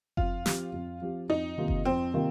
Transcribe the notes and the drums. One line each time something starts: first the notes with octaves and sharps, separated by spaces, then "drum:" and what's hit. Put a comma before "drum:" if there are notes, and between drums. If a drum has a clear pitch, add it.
F2 F4, drum: kick F#1
F3 C4 G4, drum: snare
F2
F3 C4 G4
F2 D#4
C3 D#3 A#3 F4
drum: kick F#1
F2 C4
C3 D#3 A#3 F4